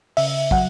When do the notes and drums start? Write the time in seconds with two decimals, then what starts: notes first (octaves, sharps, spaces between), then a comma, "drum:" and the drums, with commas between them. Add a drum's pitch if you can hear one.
0.17 C#3 E5, drum: open hi-hat
0.51 F#3 F#5, drum: kick